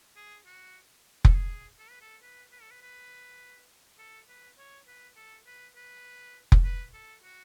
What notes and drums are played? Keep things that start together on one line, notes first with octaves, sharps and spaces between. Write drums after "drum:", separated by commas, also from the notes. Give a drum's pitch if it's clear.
G#4
F#4
A4, drum: kick F1
G#4
A4
B4
A4
B4
B4
A4
B4
B4
A4
B4
C#5
B4
A4
B4
B4
drum: kick F1
B4
A4
F#4